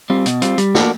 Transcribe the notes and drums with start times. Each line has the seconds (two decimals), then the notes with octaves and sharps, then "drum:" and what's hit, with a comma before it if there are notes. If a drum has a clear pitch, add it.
0.10 G3 C4 F4
0.26 B2, drum: hi-hat
0.42 G3 C4 F4, drum: hi-hat
0.58 G3, drum: hi-hat
0.75 A#3 D4 F#4, drum: snare